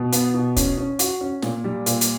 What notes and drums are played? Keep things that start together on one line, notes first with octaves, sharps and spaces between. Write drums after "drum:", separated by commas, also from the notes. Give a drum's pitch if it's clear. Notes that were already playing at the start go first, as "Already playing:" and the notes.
Already playing: B2
B3, drum: hi-hat
B2
C#4, drum: kick, hi-hat
C#4
F#4, drum: hi-hat
C#4
A#2, drum: snare
G3
A#2, drum: hi-hat
drum: hi-hat